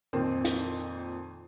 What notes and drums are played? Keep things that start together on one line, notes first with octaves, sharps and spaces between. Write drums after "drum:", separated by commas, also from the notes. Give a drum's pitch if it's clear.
F2 A#2 D#3 C4
drum: hi-hat